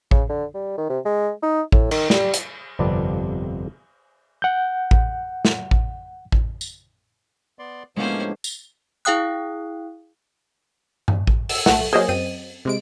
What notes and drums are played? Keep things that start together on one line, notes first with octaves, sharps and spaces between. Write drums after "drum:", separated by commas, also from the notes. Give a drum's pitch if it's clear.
C#3, drum: kick A1
D3
G3
D#3
C3
G#3
D#4
A2, drum: kick A1
D#3, drum: cymbal
G3, drum: snare
drum: hi-hat
G1 F2 C3 B4 D5 A5
F#5 G6
drum: kick A1
drum: snare
drum: kick A1
drum: kick A1
drum: tambourine
B3 D5 C6
A2 F3 G#3 A#3 B3 C#4 D4 C5
drum: tambourine
E4 G#4 F5 G5 D#6 F#6
drum: tom G2
drum: kick A1
E6, drum: open hi-hat
B1 A3 F#5, drum: snare
F#3 A#3 G#4 C5 D#5
F#2 C4 D#7
C3 G#3 D7